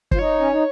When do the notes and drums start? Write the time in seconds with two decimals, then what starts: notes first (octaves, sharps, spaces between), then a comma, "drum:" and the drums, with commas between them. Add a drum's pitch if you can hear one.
0.11 F4 C5, drum: kick
0.19 D#4 C#5
0.40 C#4
0.52 D#4